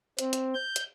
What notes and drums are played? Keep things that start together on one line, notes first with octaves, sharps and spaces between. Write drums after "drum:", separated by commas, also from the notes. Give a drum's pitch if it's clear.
C4, drum: hi-hat
drum: hi-hat
G6
drum: hi-hat